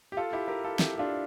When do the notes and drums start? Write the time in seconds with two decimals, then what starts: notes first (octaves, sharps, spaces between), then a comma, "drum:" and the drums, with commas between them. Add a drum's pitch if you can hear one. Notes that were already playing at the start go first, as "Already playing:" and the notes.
0.12 G4
0.17 F4 A4
0.33 E4 G4
0.48 G4 A#4
0.64 F4 A4
0.79 E4 G4, drum: snare
0.96 G4
0.99 D4 F4